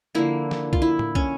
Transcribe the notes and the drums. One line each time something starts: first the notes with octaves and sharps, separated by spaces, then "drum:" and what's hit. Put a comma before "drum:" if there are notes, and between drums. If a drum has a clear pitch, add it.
D3 F3 A#3 E4
drum: snare
F4, drum: kick
E4
drum: tom
C#4, drum: kick